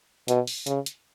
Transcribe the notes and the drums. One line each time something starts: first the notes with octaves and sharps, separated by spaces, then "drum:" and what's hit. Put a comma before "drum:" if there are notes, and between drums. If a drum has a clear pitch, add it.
B2, drum: hi-hat
drum: open hi-hat
C#3, drum: hi-hat
drum: hi-hat